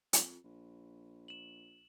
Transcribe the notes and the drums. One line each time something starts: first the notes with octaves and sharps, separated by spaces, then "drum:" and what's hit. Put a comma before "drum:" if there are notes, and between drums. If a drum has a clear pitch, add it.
F2, drum: hi-hat
A#1
E7 F#7